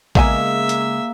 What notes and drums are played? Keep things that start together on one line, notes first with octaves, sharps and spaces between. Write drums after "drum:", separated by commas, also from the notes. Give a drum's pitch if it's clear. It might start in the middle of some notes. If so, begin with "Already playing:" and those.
C#3 G#3 A#3 B3 G#4 E5 F5 G#5, drum: kick A1
drum: hi-hat